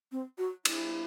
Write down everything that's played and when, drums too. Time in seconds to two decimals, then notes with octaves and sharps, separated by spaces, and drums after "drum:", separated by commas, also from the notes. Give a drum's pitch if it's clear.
0.12 C4
0.38 F#4
0.65 E4, drum: cymbal